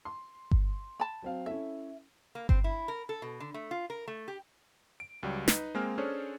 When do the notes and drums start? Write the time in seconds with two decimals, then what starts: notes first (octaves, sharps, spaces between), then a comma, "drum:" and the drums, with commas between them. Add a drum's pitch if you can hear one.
0.05 C6
0.51 drum: kick G1
1.00 A5 B5
1.23 F#3 C4 F5
1.46 C#4 E4 A4 E5
2.35 A#3
2.49 C4, drum: kick G1
2.64 E4
2.88 A#4
3.09 A4
3.22 B2
3.40 D3
3.54 A3
3.71 F4
3.90 A#4
4.08 A3
4.28 G4
5.00 D7
5.23 C#2 F#3 G3
5.48 D#4 B4, drum: snare
5.75 G#3 A#3 C4 G#5 F6
5.98 C#4 D4 G#4 A4 C5 C#5